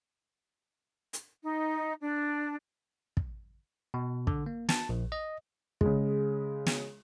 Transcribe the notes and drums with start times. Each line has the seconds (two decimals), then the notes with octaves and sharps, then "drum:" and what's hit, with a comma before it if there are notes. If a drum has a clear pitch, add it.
1.13 drum: hi-hat
1.42 D#4
2.01 D4
3.17 drum: kick
3.94 B2
4.27 D3, drum: kick
4.46 A#3
4.69 A5, drum: snare
4.89 A#1
5.12 D#5
5.81 C#3 G#3, drum: kick
6.66 drum: snare